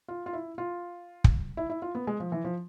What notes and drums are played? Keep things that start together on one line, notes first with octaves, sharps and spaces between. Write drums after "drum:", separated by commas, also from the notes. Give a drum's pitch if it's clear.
F4
F4
E4
F4
drum: kick
E4
E4
F4
B3
G#3
F3
E3
F3